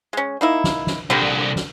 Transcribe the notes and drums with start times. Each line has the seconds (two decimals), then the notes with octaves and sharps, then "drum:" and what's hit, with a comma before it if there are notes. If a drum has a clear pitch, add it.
0.13 G#3 C#4
0.41 A#3 D#4 E4
0.64 drum: snare
0.87 drum: snare
1.10 C2 A#2 D3 G3
1.56 drum: snare